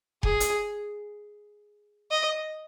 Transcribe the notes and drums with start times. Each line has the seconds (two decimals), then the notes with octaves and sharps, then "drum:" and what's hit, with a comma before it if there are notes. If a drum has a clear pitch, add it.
0.23 G#4, drum: kick F1
0.40 drum: hi-hat
2.11 D#5